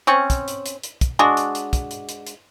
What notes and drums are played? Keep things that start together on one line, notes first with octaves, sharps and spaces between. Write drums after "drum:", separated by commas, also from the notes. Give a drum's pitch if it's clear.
C4 C#4 C#6
drum: kick, hi-hat
drum: hi-hat
drum: hi-hat
drum: hi-hat
drum: kick, hi-hat
G#3 D4 F#4
drum: hi-hat
drum: hi-hat
drum: kick, hi-hat
drum: hi-hat
drum: hi-hat
drum: hi-hat